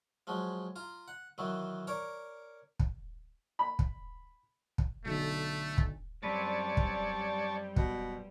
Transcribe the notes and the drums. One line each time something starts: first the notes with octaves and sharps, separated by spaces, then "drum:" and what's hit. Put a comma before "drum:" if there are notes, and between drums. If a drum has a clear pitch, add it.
F3 F#3 G#3
F4 A#5
F#5
D#3 E3 F#3
A#4 C#5 D5 A#5
drum: kick
B5
drum: kick
drum: kick
B1 D3 A3
drum: kick
F#2 G3 C4 B4 C#5 D5 A5
drum: kick
B2, drum: kick